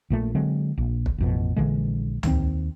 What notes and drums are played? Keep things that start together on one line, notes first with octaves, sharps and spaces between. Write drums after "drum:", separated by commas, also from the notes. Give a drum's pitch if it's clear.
A#1 A#2 A3
D3 F#3 G#3 C4
A#1
drum: kick
A1 F2 B2
A#1 D3 E3 G#3
D#2 C3 C4, drum: tom C#2